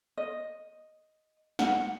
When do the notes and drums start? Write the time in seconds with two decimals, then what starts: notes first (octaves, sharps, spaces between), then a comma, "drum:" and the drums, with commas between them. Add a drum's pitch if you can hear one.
0.18 D#5
1.59 F#5, drum: snare